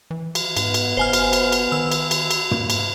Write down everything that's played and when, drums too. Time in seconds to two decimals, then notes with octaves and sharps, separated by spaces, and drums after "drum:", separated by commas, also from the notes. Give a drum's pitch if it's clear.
0.11 E3
0.35 drum: cymbal
0.57 G#2 B3, drum: cymbal
0.74 drum: cymbal
0.97 F#1 C5 G#5 F6
1.13 drum: cymbal
1.33 drum: cymbal
1.52 drum: cymbal
1.72 D#3 E6
1.92 drum: cymbal
2.11 drum: cymbal
2.31 drum: cymbal
2.51 A#3, drum: tom
2.70 drum: cymbal